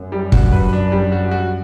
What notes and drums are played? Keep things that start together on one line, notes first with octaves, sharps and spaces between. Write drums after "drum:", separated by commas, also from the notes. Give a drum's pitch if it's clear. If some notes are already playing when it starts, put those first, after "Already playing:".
Already playing: F#2
G3
F#4, drum: kick
B4
D4
G3
F#4
F#4